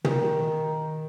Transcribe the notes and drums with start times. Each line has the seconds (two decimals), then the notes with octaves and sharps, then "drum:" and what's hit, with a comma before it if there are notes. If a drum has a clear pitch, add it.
0.04 D#3, drum: tom